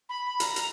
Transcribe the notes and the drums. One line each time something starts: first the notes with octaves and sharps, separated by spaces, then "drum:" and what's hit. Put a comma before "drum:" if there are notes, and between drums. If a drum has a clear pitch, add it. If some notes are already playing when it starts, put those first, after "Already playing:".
B5
B5
A#5, drum: hi-hat
drum: hi-hat